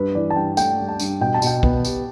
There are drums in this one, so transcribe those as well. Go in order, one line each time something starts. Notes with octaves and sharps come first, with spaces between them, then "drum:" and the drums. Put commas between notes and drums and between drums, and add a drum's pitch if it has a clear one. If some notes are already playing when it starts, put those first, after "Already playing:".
Already playing: G2 B4
E3 D5
A5
G2 G5
A3 G5, drum: tambourine
G2
A5
G2, drum: tambourine
B2 G5
A5
B2 G5, drum: tambourine
B3, drum: kick
G4, drum: tambourine